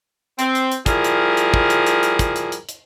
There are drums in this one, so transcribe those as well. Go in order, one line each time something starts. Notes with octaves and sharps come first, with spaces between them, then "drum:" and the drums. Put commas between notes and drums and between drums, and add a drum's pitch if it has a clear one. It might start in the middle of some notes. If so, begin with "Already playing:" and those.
C4, drum: hi-hat
drum: hi-hat
drum: hi-hat
F3 G3 E4 G#4 A#4, drum: kick, hi-hat
drum: hi-hat
drum: hi-hat
drum: kick
drum: hi-hat
drum: hi-hat
drum: hi-hat
drum: kick, hi-hat
drum: hi-hat
drum: hi-hat
drum: hi-hat